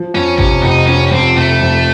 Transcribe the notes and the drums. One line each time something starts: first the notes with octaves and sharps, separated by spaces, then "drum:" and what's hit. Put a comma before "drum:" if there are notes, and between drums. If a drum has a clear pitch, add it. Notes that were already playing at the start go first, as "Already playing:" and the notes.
Already playing: F3
F2 C#4
C3 C#4, drum: kick G#1
F1 D#4
F3 C#4
C#4
F2 C4
F1 A3
F2